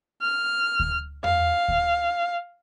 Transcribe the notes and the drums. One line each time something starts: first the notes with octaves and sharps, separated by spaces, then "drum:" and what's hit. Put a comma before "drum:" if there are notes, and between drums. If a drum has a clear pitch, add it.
F6
drum: kick D2
F5, drum: tom E2
drum: kick D2